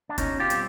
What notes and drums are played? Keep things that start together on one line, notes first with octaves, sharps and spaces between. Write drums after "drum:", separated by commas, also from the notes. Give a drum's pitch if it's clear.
D4
B2 C#4 D#4, drum: kick, hi-hat
F4 G4
G3 C4, drum: hi-hat